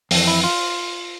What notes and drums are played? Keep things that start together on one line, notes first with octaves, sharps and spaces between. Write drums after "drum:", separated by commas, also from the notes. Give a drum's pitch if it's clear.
F2 E3 C4, drum: open hi-hat
E4
F4